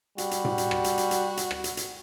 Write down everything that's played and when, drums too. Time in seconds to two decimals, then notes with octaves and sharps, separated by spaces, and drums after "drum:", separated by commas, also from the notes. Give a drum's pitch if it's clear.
0.18 G3 F#4, drum: hi-hat
0.31 drum: hi-hat
0.45 drum: tom A2
0.58 drum: hi-hat
0.71 drum: rim click
0.84 drum: hi-hat
0.98 drum: hi-hat
1.11 drum: hi-hat
1.37 drum: hi-hat
1.51 drum: rim click
1.64 drum: hi-hat
1.77 drum: hi-hat